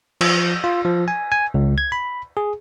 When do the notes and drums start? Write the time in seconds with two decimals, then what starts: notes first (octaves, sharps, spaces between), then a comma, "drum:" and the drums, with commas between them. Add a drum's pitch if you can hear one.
0.21 F3, drum: cymbal
0.64 F4
0.85 F3
1.08 G#5
1.32 G#5
1.54 C#2
1.78 G#6
1.92 B5
2.37 G#4